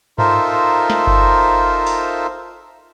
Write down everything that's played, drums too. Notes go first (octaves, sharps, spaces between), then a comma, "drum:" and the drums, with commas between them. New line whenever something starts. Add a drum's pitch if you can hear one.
D#4 F4 A4 A#4 C5 E5, drum: tom G2
drum: snare
drum: kick G1
drum: open hi-hat